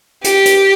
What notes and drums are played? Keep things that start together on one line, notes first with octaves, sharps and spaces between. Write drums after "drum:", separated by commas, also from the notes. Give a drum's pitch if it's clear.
G4, drum: hi-hat
drum: hi-hat